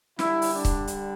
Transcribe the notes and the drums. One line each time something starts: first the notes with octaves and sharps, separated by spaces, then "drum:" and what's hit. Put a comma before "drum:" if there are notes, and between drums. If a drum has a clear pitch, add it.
D3 G3 E4, drum: snare
drum: open hi-hat
D4
drum: kick, hi-hat
drum: hi-hat